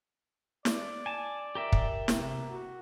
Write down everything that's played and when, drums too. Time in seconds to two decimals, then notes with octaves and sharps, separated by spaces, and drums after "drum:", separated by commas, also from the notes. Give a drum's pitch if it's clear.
0.65 D5, drum: snare
1.06 G#5 A5
1.55 G4 A#4 E5
1.72 drum: kick
2.08 C3, drum: snare
2.49 F#4